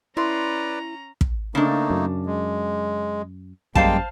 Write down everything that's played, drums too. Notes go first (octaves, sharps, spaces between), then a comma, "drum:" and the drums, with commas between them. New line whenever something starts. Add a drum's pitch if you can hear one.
C#4 E4 B4 D5 A#5 C6
drum: kick
C#3 A3 A#3 D4 D#4
F#2
G#3
F#2 G3 G#3 A#3 C5 F5 G5 A5, drum: kick